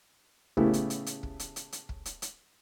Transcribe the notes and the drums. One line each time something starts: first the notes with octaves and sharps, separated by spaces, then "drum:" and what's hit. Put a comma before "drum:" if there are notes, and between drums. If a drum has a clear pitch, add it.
A2 C#3 A3 B3 E4 G4, drum: kick
drum: hi-hat
drum: hi-hat
drum: hi-hat
drum: kick
drum: hi-hat
drum: hi-hat
drum: hi-hat
drum: kick
drum: hi-hat
drum: hi-hat